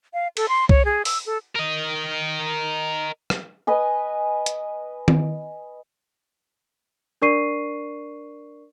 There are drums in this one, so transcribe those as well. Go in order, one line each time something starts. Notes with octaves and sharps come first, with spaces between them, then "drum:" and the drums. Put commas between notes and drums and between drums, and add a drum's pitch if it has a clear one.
F5
A4, drum: cymbal
C6
C#5, drum: kick C2
G#4
E6, drum: open hi-hat
A4
A#4 D#5
drum: rim click
B4 D#5 G#5
drum: hi-hat
drum: tom D#3
D4 A#4 D5 C#6 C7 D#7